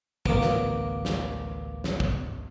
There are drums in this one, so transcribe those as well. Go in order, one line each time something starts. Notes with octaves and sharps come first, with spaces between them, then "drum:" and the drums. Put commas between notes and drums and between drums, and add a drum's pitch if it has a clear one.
A1 D2 A#3 B3 D6, drum: kick
drum: snare
drum: snare
drum: snare
drum: kick